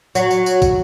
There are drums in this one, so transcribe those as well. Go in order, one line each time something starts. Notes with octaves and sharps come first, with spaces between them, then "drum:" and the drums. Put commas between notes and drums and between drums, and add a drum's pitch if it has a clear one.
F#3, drum: tambourine
drum: tambourine
drum: tambourine
drum: kick, tambourine